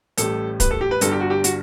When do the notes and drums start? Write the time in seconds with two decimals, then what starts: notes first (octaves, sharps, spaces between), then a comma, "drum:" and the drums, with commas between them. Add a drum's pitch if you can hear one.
0.18 A1 A2 G3 A4, drum: hi-hat
0.60 B4, drum: kick, hi-hat
0.71 A4
0.81 G4
0.91 B4
1.01 G1 G2 D3 G3 A4, drum: hi-hat
1.11 G4
1.20 F#4
1.30 G4
1.44 F#4, drum: hi-hat